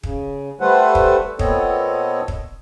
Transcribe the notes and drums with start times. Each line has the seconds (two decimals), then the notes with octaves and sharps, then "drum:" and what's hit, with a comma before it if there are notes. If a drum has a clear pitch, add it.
0.04 C#3, drum: kick
0.61 G3 A3 A4 B4 C5 F#5
0.95 drum: kick
1.39 A#2 B3 C4 A4 C#5 D#5, drum: kick
2.28 drum: kick